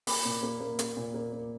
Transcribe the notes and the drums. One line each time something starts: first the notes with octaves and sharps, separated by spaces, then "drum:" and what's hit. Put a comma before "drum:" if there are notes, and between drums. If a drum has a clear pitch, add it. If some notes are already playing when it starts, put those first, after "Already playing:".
A#3 B5 D6, drum: open hi-hat
A#2
A#3
A#3
A#3, drum: hi-hat
A#2
A#3
A#3